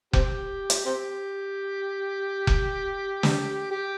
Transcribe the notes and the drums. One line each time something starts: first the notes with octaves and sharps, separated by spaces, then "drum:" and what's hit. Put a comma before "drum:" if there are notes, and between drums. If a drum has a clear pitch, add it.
C4 G4, drum: kick F1
drum: hi-hat
C4 G4
drum: kick F1
drum: snare
G4